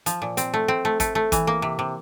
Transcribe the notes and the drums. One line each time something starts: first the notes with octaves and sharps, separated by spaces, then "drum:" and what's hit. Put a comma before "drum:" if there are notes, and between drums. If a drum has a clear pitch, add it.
F3, drum: hi-hat
A#2
C4, drum: hi-hat
A3
C4
A3
A3, drum: kick, hi-hat
A3
E3, drum: kick, hi-hat
A#3
C3
C3